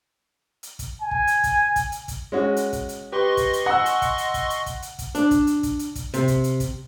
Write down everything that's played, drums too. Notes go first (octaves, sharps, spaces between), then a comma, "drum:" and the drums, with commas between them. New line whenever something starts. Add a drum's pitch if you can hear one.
drum: hi-hat
drum: kick, hi-hat
G#5
drum: kick
drum: hi-hat
drum: kick, hi-hat
drum: kick, hi-hat
drum: hi-hat
drum: kick, hi-hat
G#3 C#4 F#4
drum: hi-hat
drum: kick, hi-hat
drum: hi-hat
G4 B4 D#5 C6 C#6
drum: kick, hi-hat
drum: hi-hat
F#5 G#5 E6
drum: hi-hat
drum: kick, hi-hat
drum: hi-hat
drum: kick, hi-hat
drum: hi-hat
drum: kick, hi-hat
drum: hi-hat
drum: kick, hi-hat
D4, drum: hi-hat
drum: kick, hi-hat
drum: hi-hat
drum: kick, hi-hat
drum: hi-hat
drum: kick, hi-hat
C3, drum: hi-hat
drum: kick, hi-hat
drum: hi-hat
drum: kick, hi-hat